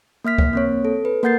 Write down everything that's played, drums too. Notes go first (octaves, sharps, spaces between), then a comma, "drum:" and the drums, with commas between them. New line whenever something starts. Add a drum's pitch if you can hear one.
A#3 E5 F6 B6
drum: kick C#2
A#3 C4 C#5
A4
B4
A#3 A#4 F#5 G6 A6 C7